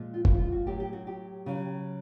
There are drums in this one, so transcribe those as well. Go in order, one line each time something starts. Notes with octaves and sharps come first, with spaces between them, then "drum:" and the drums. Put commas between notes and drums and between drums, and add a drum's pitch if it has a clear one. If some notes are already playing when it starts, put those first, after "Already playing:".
Already playing: A#2 F3 G#3
F4
E4, drum: kick F#1
F4
F#4
A2 F#3 G4
G4
F#4
G4
C#3 F#3